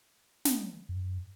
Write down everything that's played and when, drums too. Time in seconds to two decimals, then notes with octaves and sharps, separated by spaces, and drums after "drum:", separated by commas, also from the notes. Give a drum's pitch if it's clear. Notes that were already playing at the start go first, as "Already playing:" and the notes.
0.45 drum: snare
0.89 F#2